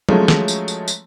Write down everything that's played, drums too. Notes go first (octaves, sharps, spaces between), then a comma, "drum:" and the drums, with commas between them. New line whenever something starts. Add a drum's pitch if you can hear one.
F3 F#3 G#3 A3 C#4, drum: tom F#3
drum: snare
drum: tambourine
drum: tambourine
drum: tambourine